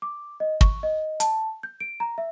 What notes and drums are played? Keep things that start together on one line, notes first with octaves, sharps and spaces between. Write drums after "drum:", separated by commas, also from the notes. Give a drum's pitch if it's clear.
D6
D#5
C#6, drum: kick
D#5
A5, drum: hi-hat
G6
D7
A#5
E5